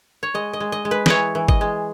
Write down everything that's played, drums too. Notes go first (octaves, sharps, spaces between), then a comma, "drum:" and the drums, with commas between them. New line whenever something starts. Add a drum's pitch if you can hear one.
C#5
G#3 D#5
D#5
G#3
D#5
G#3
B4
E3 C#5 D#5, drum: snare
E3
D#5, drum: kick
G#3